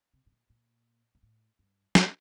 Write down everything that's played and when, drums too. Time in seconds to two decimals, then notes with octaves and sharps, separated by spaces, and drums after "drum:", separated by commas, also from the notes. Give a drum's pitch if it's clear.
0.14 C3
0.26 A2
0.32 A#2
0.50 A#2
1.15 A#2
1.23 A2
1.59 G2
1.95 A2, drum: snare